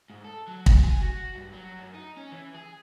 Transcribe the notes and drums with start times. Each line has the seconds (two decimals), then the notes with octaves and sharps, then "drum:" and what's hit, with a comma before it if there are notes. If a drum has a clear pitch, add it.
0.10 G#2
0.24 A4
0.48 F#3
0.66 drum: kick
0.83 G#5
1.01 F#4
1.35 G2
1.52 F#3
1.79 F#2
1.94 D#4
2.17 C#4
2.32 E3
2.54 G#4